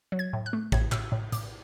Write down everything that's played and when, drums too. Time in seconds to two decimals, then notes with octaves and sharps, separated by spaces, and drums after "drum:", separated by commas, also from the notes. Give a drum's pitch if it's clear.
0.12 F#3
0.19 G#6
0.33 A2
0.46 F#6
0.53 A3
0.72 A2 G#6, drum: kick A1
0.92 A2 E6, drum: clap
1.12 A2
1.32 A2 D6, drum: hi-hat